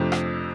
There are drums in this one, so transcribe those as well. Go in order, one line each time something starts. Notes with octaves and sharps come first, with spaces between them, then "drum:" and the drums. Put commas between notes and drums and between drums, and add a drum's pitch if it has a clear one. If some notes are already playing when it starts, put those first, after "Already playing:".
Already playing: F2 C3 A3 D4 G4
drum: rim click